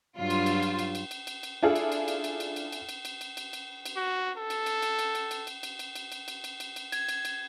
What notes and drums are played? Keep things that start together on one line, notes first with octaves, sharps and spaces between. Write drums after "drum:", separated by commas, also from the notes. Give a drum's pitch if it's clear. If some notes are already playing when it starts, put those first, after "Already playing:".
G2 F#3 F4
drum: cymbal
drum: cymbal
drum: cymbal
drum: cymbal
drum: cymbal
drum: cymbal
drum: cymbal
drum: cymbal
D4 E4 F4 G#4 A4
drum: cymbal
drum: cymbal
drum: cymbal
drum: cymbal
drum: cymbal
drum: cymbal
drum: cymbal
drum: cymbal
drum: cymbal
drum: cymbal
drum: cymbal
drum: cymbal
drum: cymbal
F#4
A4
drum: cymbal
drum: cymbal
drum: cymbal
drum: cymbal
drum: cymbal
drum: cymbal
drum: cymbal
drum: cymbal
drum: cymbal
drum: cymbal
drum: cymbal
drum: cymbal
drum: cymbal
drum: cymbal
drum: cymbal
G#6, drum: cymbal
drum: cymbal
drum: cymbal